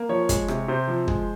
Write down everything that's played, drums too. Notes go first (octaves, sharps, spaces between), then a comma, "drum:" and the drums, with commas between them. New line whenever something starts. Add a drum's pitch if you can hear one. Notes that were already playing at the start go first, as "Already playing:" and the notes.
Already playing: A#3
F3 C#5
G#3, drum: kick, hi-hat
C3, drum: rim click
C3 C5
F3
G#3, drum: kick